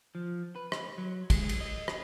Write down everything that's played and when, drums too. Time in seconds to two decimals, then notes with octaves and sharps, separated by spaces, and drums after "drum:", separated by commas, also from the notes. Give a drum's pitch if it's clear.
0.15 F3
0.56 B4
0.72 drum: rim click
0.98 F#3
1.30 G#3, drum: kick, cymbal
1.49 drum: cymbal
1.61 D#5
1.88 drum: rim click